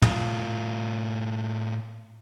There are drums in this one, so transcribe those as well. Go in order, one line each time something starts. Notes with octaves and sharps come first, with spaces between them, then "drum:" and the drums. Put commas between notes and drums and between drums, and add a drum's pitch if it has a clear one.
A2 F4, drum: tom